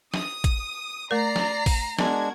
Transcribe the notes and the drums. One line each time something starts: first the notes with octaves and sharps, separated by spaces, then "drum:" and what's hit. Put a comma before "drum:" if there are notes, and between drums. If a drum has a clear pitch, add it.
D#6, drum: snare
drum: kick A1, hi-hat
A3 A#4 D5 A#5 C7
drum: snare
drum: kick A1, open hi-hat
G#3 B3 D4 F#4 A#4 G#6, drum: snare